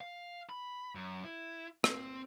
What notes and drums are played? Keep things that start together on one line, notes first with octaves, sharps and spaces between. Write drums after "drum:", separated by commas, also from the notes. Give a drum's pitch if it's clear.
F5
B5
F#2
E4
C4, drum: rim click